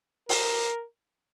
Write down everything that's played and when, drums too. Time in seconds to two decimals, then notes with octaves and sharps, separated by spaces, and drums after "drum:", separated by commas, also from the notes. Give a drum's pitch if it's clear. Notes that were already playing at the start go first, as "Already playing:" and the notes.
0.29 A#4, drum: open hi-hat